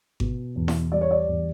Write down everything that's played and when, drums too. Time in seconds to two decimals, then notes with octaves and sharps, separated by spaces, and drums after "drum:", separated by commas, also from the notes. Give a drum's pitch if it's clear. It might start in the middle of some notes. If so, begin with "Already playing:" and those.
0.20 B2, drum: kick G#1
0.56 E2
0.68 drum: snare E4
0.92 G3 D5
1.01 C#5
1.11 D5
1.28 E2